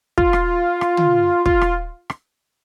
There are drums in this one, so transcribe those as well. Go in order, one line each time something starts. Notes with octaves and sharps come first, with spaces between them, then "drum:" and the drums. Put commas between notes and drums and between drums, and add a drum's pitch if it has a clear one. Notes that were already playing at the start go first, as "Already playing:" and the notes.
F4, drum: kick
drum: rim click
drum: rim click
drum: tom
F4, drum: kick
drum: rim click
drum: rim click